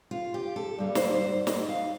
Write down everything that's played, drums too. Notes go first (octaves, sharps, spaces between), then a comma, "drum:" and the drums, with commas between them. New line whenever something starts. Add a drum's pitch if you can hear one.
F4
G4
A4
G2 D3 G3 A#3
C5, drum: snare
C5
D#5, drum: snare
F5